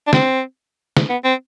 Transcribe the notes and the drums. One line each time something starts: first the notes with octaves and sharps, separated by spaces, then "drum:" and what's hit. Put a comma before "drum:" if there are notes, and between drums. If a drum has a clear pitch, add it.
D4
C4, drum: snare
drum: snare
B3
C4